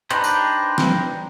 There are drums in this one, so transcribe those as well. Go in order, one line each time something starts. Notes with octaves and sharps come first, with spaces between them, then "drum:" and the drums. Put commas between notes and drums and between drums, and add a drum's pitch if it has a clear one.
D4 D#4 G4 B4 C5, drum: hi-hat
drum: tambourine
drum: snare